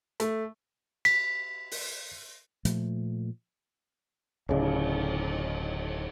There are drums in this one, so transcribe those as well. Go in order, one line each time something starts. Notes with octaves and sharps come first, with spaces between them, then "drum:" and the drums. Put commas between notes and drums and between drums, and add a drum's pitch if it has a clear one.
A3, drum: hi-hat
B6, drum: cymbal
drum: open hi-hat
A#2 F3 A3, drum: hi-hat
D1 C#3, drum: cymbal